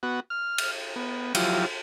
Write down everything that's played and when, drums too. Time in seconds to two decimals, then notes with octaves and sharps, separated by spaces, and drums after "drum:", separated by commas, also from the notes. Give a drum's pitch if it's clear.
0.03 B3 F#4
0.30 F6
0.58 drum: cymbal
0.96 B3
1.35 F3 F#3 E4 F4 G4, drum: cymbal